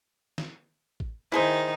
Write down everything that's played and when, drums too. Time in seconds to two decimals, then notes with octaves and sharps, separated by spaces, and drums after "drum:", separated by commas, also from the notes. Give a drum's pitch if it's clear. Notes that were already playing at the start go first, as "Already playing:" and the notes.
0.38 drum: snare
1.00 drum: kick
1.32 D#3 D#4 E4 G#4 C5